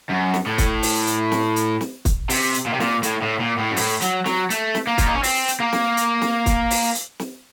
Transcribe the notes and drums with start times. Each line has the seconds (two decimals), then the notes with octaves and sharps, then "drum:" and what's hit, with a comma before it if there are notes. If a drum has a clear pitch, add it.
0.09 F#2
0.34 drum: snare
0.46 A2
0.58 drum: kick, hi-hat
0.83 drum: open hi-hat
1.07 drum: hi-hat
1.32 drum: snare
1.56 drum: hi-hat
1.81 drum: snare
2.05 drum: kick, hi-hat
2.30 C3, drum: open hi-hat
2.54 drum: hi-hat
2.66 A#2
2.74 C3
2.80 A#2, drum: snare
3.03 A2, drum: hi-hat
3.22 A2
3.40 A#2
3.58 A2
3.71 F#2
3.76 A2, drum: open hi-hat
4.01 F#3, drum: hi-hat
4.26 F#3, drum: snare
4.50 A3, drum: hi-hat
4.75 drum: snare
4.87 A#3
4.98 F4, drum: kick, hi-hat
5.06 D#4
5.15 C#4
5.23 C4, drum: open hi-hat
5.48 drum: hi-hat
5.60 A#3
5.73 drum: snare
5.97 drum: hi-hat
6.22 drum: snare
6.46 drum: kick, hi-hat
6.71 drum: open hi-hat
6.95 drum: hi-hat
7.19 drum: snare